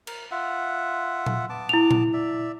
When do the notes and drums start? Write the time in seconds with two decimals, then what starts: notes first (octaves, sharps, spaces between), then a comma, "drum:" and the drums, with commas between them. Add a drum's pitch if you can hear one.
0.07 A#4, drum: cymbal
0.31 F4 E5 F#5
1.26 drum: tom A#2
1.49 B3 A5 D6
1.69 E4 F7
1.91 drum: tom A#2
2.13 D5 E5